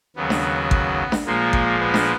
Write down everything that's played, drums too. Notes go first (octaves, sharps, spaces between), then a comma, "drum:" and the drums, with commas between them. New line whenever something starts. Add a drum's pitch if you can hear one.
D#2 C#3 F#3 B3
drum: snare D4
drum: kick G#1
drum: snare D4
A#2 F3 G#3 A#3
drum: kick G#1
B3
drum: snare D4